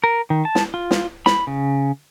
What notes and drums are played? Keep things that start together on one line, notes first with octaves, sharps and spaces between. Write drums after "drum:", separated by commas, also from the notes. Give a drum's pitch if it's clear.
A#4
D#3
A5
drum: snare
F4
drum: snare
B5, drum: snare
C#3